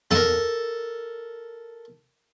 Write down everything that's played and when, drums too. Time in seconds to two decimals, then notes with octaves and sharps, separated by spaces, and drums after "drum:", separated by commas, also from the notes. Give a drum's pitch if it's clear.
0.11 A4 A#4, drum: tom